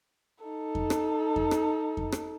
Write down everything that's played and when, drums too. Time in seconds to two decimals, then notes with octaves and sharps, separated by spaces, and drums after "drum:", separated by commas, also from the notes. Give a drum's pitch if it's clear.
0.44 D#4 A4
0.75 drum: kick F2
0.90 drum: rim click
1.36 drum: kick F2
1.51 drum: rim click
1.97 drum: kick F2
2.12 drum: rim click